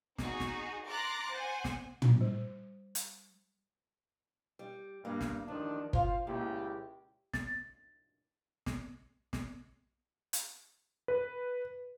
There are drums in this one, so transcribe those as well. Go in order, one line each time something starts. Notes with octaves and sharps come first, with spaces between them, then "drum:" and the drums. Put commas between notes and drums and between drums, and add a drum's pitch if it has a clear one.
D#4 F#4 G#4, drum: snare
drum: snare
A#5 C6 D6 F#6 A6 A#6
C5 F#5 G#5
drum: snare
drum: tom
G3 C5
drum: hi-hat
G3
G2 A#3
drum: snare
A1 D#3 F3 D4
F4 C5 F5, drum: kick G1
C#2 A#2 E4 G4
A6, drum: snare
drum: snare
drum: snare
drum: hi-hat
B4